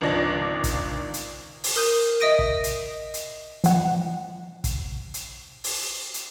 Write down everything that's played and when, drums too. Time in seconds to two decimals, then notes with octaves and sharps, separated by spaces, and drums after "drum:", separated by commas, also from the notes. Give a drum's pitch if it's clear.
0.01 G#1 C#2 F3 D4 D5 A#6
0.64 drum: kick, hi-hat
1.14 drum: hi-hat
1.64 drum: open hi-hat
1.76 A#4 D#6 G6 D#7
2.20 D#5 E5 D#6 A#6 D7 D#7
2.39 drum: kick
2.64 drum: hi-hat
3.14 drum: hi-hat
3.64 F3 F#5, drum: hi-hat
4.64 drum: kick, hi-hat
5.14 drum: hi-hat
5.64 drum: open hi-hat
6.14 drum: hi-hat